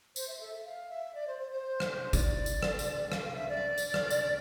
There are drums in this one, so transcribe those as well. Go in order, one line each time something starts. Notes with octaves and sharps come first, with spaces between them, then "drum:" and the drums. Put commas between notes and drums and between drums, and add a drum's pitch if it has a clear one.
C5, drum: tambourine
E5
A4
E5
F5
E5
D5
C5
C5
C5
drum: rim click
D5, drum: kick G1, tambourine
drum: tambourine
drum: rim click
drum: tambourine
F5, drum: rim click
F5
E5
D5
drum: tambourine
drum: rim click
drum: tambourine